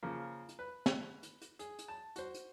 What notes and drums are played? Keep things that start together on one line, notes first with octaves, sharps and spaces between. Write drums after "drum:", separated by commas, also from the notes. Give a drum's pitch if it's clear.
C#3 F3 A#3
drum: hi-hat
B4
drum: snare
drum: hi-hat
drum: hi-hat
G#4, drum: hi-hat
drum: hi-hat
A5
F#4 C5, drum: hi-hat
drum: hi-hat